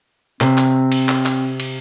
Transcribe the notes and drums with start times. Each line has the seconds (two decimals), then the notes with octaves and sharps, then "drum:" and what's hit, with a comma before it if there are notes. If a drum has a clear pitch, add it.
0.41 C3 C4, drum: clap
0.58 drum: clap
0.92 drum: cymbal
1.09 drum: clap
1.26 drum: clap
1.60 drum: cymbal